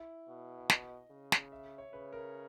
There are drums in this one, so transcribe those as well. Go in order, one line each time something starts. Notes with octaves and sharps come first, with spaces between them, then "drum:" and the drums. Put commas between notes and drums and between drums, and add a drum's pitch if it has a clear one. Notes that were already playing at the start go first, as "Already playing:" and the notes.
Already playing: E4
B2
E5
D#5, drum: snare
C#3
drum: snare
E5
C#5
C#3 B4
A#4